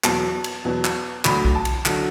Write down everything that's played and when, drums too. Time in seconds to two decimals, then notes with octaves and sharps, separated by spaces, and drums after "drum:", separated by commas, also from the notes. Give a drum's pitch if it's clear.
0.04 E2 B2 F#3 B3 A5, drum: clap
0.44 drum: cymbal
0.65 E2 B2 F#3 B3
0.85 drum: clap
1.25 D2 D3 F#3 B5, drum: clap
1.45 drum: kick B1
1.55 A5
1.65 drum: cymbal
1.85 D3 F#3, drum: clap